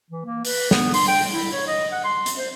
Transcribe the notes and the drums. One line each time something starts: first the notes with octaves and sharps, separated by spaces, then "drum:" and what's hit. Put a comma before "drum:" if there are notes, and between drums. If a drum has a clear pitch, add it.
E3
A#3
B4, drum: open hi-hat
B3, drum: snare
C6, drum: open hi-hat
G5
E4
C#5
D#5
F#5
C6
drum: hi-hat
C5